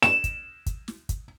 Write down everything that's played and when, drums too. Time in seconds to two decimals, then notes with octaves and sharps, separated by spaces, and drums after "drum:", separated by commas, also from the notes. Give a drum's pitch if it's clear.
0.03 E7, drum: snare
0.24 drum: kick, hi-hat
0.66 drum: kick, hi-hat
0.88 drum: snare
1.09 drum: kick, hi-hat